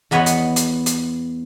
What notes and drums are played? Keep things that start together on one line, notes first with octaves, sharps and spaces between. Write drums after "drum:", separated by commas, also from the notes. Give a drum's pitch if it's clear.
E2 B3 B4 C#5 D#5 F#5
drum: hi-hat
drum: hi-hat
drum: hi-hat